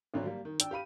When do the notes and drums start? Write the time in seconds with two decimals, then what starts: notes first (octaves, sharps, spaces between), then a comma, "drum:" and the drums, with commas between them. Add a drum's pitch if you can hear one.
0.14 G#1 D3 F#3
0.26 G3 A#3
0.45 D#3
0.60 D4 G5 E6, drum: hi-hat
0.71 G4 F5 B5 D#7